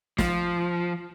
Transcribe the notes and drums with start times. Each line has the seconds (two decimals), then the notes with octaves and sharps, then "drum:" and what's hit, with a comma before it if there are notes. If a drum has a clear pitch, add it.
0.18 F3, drum: snare